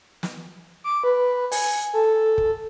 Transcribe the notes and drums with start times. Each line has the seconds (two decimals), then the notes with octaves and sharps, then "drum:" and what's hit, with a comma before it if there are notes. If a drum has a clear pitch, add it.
0.23 drum: snare
0.84 D6
1.04 B4
1.52 G#5, drum: open hi-hat
1.94 A4
2.38 drum: kick